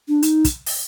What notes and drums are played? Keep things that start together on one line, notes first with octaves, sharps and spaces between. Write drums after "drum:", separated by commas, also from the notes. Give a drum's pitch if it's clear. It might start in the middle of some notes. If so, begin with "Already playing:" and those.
D4
D#4, drum: hi-hat
drum: kick, hi-hat
drum: open hi-hat